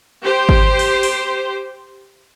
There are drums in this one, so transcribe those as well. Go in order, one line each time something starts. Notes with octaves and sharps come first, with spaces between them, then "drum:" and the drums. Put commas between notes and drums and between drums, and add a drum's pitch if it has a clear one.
G4 C5
drum: kick G#1
drum: open hi-hat
drum: open hi-hat